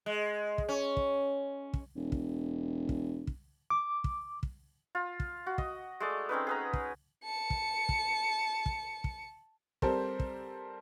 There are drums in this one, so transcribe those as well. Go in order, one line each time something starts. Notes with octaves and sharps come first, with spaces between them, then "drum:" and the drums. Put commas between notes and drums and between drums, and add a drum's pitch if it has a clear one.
G#3
drum: kick
C#4
drum: kick
drum: kick
E1
drum: kick
drum: kick
drum: kick
D6
drum: kick
drum: kick
F4
drum: kick
F#4
D#5, drum: kick
G#3 A3 D5
C4 C#4 D#4 B4
G#4 B4 A#5
drum: kick
A5 C#7
drum: kick
drum: kick
drum: kick
drum: kick
G3 C4 A4 A#4 C5, drum: kick
drum: kick